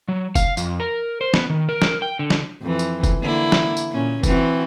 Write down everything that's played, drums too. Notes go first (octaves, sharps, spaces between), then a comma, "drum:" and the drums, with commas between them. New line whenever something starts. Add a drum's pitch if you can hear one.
F#3
F5, drum: kick, tambourine
F2, drum: tambourine
A#4
C5
B3, drum: snare
D#3
A#4
drum: snare
G5
D3
drum: snare
F2 E3
drum: tambourine
drum: kick, tambourine
D3 A#3 E4
drum: snare
drum: tambourine
A#2 C#4
E3 C4 F#4, drum: kick, tambourine